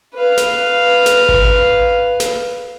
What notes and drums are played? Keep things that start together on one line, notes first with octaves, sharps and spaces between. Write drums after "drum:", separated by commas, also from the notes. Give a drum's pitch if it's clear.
B4 F5
drum: snare
drum: snare
drum: kick G#1
drum: snare